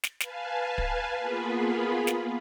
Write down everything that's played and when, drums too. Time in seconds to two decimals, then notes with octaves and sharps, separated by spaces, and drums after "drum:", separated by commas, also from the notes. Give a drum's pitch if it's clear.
0.03 drum: snare
0.20 B4 F5 G#5 A5, drum: snare
0.78 drum: kick
1.18 A#3 B3 F4 G#4 B4
2.07 drum: snare